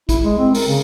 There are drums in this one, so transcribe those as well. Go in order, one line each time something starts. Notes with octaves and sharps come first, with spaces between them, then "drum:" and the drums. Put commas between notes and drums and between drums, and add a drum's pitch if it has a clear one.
E4, drum: kick, hi-hat
G#3
C4
A#4, drum: open hi-hat
C#3